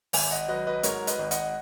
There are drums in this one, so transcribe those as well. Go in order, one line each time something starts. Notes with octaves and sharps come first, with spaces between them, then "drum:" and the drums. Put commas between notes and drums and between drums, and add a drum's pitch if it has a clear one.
G#1 E5 G#5, drum: open hi-hat
D#5 F#5
F#3 B4 D#5
B4 D#5
G#2 A#4 C#5, drum: hi-hat
B4 D#5, drum: hi-hat
G#1
D#5 F#5, drum: hi-hat